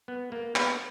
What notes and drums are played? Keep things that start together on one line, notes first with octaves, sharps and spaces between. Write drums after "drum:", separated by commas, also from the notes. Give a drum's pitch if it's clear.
B3
A#3
B3, drum: clap